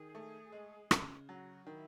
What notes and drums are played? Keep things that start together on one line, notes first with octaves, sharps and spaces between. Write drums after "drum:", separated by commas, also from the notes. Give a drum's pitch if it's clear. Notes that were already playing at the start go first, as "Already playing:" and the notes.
Already playing: D#3 G#4
A3
G#3
C#3, drum: rim click
F#3 F#4
D#3 E4